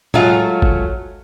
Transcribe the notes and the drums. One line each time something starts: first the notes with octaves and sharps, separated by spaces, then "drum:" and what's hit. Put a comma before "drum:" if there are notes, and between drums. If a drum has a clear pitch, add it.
F#3 G#3 A3 F4, drum: tom A2
drum: kick G#1